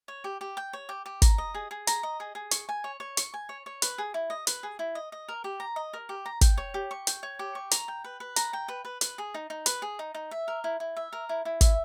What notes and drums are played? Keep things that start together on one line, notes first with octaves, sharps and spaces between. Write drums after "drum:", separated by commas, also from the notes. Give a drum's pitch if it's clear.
C#5
G4
G4
G5
C#5
G4
G4
A#5, drum: kick, hi-hat
D#5
G#4
G#4
A#5, drum: hi-hat
D#5
G#4
G#4
C#6, drum: hi-hat
G#5
C#5
C#5
C#6, drum: hi-hat
G#5
C#5
C#5
B4, drum: hi-hat
G#4
E4
D#5
B4, drum: hi-hat
G#4
E4
D#5
D#5
A#4
G4
A#5
D#5
A#4
G4
A#5
G5, drum: kick, hi-hat
C#5
G4
C#6
G5, drum: hi-hat
C#5
G4
C#6
A#5, drum: hi-hat
G5
B4
B4
A#5, drum: hi-hat
G5
B4
B4
B4, drum: hi-hat
G#4
D#4
D#4
B4, drum: hi-hat
G#4
D#4
D#4
E5
A#4
E4
E4
E5
A#4
E4
E4
E5, drum: kick, hi-hat